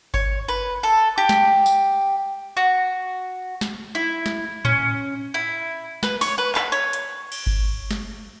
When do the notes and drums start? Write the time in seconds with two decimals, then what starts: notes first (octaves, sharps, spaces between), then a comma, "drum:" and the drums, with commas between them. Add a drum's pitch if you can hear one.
0.14 C#5, drum: kick G1
0.48 B4
0.83 A4
1.18 G4
1.29 drum: snare
1.66 drum: tambourine
2.57 F#4
3.61 drum: snare
3.95 E4
4.26 drum: snare
4.65 C#4, drum: tom A2
5.34 E4
6.03 B4, drum: snare
6.21 C#5, drum: open hi-hat
6.38 B4
6.55 B4, drum: clap
6.72 C#5
6.93 drum: hi-hat
7.32 drum: cymbal
7.46 drum: kick G1
7.91 drum: snare